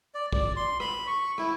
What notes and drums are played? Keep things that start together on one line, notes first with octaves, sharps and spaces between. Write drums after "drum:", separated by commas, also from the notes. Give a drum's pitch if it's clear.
D5
D5, drum: kick
C6
B5, drum: rim click
C#6
E4, drum: rim click